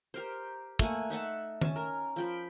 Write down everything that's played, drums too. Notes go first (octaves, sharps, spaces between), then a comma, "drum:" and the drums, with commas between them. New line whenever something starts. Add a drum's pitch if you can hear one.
G4 A#4 C5
A3 A#3 F#5 G#5, drum: kick
D#4 E5 F#5 A5
C#4 A5, drum: tom D#3
A#4
F3 G5 B5